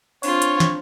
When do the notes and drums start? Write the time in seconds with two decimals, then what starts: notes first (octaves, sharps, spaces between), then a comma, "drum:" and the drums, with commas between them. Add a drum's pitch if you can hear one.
0.23 C4 D4 F4 C#5, drum: open hi-hat
0.42 drum: hi-hat
0.60 drum: snare